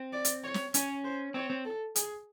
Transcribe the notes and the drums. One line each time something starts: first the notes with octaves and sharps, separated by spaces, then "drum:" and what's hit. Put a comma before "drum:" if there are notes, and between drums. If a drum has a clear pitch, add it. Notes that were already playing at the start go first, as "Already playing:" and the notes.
Already playing: C4
D5
drum: hi-hat
C#5
drum: snare
C#4 C#5, drum: hi-hat
C5
C4 C#5
C4
A4
G#4, drum: hi-hat